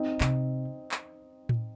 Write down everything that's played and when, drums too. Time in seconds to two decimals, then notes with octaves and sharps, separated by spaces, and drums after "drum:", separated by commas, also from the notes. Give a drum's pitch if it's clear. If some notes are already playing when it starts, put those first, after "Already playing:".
Already playing: C4 D#4
0.21 C3, drum: clap
0.91 drum: clap
1.49 drum: tom A2